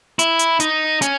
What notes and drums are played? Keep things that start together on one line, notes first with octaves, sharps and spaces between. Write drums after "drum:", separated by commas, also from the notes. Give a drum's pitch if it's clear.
E4, drum: hi-hat
drum: hi-hat
D#4, drum: hi-hat
C#4, drum: hi-hat